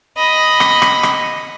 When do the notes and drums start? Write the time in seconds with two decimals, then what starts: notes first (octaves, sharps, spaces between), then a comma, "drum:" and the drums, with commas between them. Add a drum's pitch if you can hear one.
0.17 D#5 B5
0.60 drum: rim click
0.82 drum: rim click
1.03 drum: rim click